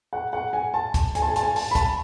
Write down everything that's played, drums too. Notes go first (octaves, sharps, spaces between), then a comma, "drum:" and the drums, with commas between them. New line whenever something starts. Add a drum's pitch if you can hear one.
F#5
F#5
G#5
A5
drum: kick C#2, hi-hat
G#5, drum: hi-hat
A5
G#5
A5, drum: hi-hat
G#5
A5, drum: open hi-hat
B5
A5, drum: kick C#2, hi-hat